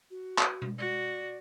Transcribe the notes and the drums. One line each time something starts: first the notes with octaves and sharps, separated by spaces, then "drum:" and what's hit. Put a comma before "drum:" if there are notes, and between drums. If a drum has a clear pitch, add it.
F#4
drum: clap
drum: tom B2
F#4 D5